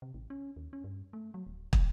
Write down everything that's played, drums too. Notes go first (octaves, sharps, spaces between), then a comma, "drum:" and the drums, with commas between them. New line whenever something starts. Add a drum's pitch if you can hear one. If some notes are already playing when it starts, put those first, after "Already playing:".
C3
A1
C#4
D#2
C#4
G2
A3
F#3
D1
G#1, drum: kick